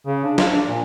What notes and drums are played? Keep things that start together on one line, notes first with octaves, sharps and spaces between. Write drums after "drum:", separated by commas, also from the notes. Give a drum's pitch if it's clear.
C#3
D4
F4, drum: snare
D4
A#2